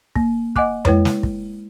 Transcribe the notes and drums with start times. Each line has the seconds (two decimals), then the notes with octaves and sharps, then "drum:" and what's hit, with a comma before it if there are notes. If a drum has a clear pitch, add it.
0.16 A#3, drum: kick
0.56 D#5 F#5 G#5 D6 F#6, drum: kick
0.85 G#3 E4 B4 C#5, drum: tom F2
1.05 drum: snare
1.23 drum: kick